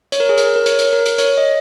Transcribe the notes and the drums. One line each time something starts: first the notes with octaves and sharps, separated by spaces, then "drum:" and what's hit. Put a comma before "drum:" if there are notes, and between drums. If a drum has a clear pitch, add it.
C#5, drum: hi-hat
A#4
G#4
A#4, drum: hi-hat
A#4
C#5, drum: hi-hat
drum: hi-hat
A#4
drum: hi-hat
C#5, drum: hi-hat
D#5